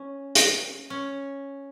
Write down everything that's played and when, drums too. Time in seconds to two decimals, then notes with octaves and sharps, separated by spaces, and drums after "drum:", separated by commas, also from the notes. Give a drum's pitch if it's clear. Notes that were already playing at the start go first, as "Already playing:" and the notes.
Already playing: C#4
0.35 drum: hi-hat
0.90 C#4